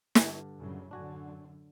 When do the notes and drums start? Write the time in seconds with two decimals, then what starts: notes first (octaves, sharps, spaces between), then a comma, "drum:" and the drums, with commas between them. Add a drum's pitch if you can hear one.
0.15 G2 D3 D4, drum: snare
0.60 F#2 A2 C#3
0.91 F#2 D3 D4 F#4 G#5